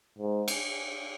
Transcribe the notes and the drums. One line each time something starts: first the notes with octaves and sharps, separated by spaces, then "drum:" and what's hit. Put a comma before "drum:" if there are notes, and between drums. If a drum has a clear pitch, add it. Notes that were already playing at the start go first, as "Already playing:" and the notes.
G#2
drum: cymbal